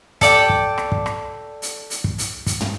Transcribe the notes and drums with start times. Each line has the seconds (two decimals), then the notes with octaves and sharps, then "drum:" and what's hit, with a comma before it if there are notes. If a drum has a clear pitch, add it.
0.21 A4 D5 G5, drum: kick, hi-hat
0.49 drum: kick
0.78 drum: rim click
0.92 drum: kick
1.06 drum: rim click
1.62 drum: hi-hat
1.90 drum: hi-hat
2.04 drum: kick
2.18 drum: hi-hat
2.46 drum: kick, hi-hat
2.61 drum: tom